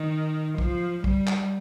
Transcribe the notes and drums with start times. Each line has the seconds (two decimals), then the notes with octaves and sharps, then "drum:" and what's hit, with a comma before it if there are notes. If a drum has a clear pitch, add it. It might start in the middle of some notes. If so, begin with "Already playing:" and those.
Already playing: D#3
0.58 F3, drum: kick
1.04 G3, drum: kick
1.27 drum: clap